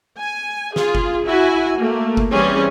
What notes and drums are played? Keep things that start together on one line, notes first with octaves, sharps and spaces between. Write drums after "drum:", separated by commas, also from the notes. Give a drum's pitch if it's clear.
G#5
F4 G#4, drum: snare
drum: kick F#1
E4 F#4 G#5
A3 A#3
drum: kick F#1
E3 G3 C4 C#4 G#4